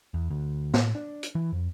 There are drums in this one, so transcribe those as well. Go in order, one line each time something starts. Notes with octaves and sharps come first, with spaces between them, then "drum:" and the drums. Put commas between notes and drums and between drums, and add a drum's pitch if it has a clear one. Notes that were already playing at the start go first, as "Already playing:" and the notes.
E2
D2
A2, drum: snare
D4
drum: hi-hat
E3
F2